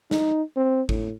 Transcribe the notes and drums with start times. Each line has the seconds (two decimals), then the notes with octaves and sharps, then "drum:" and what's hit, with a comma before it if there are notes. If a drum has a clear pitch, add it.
0.11 D#4, drum: snare
0.57 C4
0.89 A2, drum: kick G#1